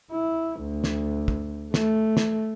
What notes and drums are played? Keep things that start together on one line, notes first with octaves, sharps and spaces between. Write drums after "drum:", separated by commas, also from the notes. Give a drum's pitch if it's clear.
E4
D2
drum: snare
drum: kick
A3, drum: snare
drum: snare